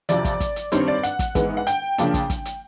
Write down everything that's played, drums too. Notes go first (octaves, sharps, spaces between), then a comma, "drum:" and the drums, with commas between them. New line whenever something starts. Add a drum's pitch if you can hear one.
F2 C3 F3 D5, drum: hi-hat
drum: kick, hi-hat
drum: kick, hi-hat
drum: hi-hat
G2 D#3 G3 C4 C#5, drum: hi-hat
D5
F#5, drum: hi-hat
drum: kick, hi-hat
G#2 E3 G#3 B3, drum: kick, hi-hat
F#5
G5, drum: hi-hat
C#3 F3 A#3 D4, drum: hi-hat
drum: kick, hi-hat
drum: kick, hi-hat
drum: hi-hat